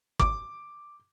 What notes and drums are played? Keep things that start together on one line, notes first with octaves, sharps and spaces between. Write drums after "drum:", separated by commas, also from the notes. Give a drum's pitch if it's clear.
D6, drum: kick